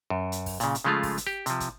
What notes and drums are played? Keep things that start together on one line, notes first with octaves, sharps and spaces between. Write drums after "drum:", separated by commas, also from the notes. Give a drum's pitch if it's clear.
F#2
drum: hi-hat
drum: kick, open hi-hat
A#2 C#3, drum: hi-hat
drum: hi-hat
C#3 F3 G#3 A3 F4
drum: kick, open hi-hat
drum: hi-hat
G4
C3 F3, drum: hi-hat
drum: kick, hi-hat